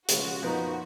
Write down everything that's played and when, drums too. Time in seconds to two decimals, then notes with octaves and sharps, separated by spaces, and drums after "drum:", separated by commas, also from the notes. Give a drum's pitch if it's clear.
0.09 C#3 F3 G#3 C#4 F#4, drum: hi-hat
0.42 F#2 F3 B3 D#4 A#4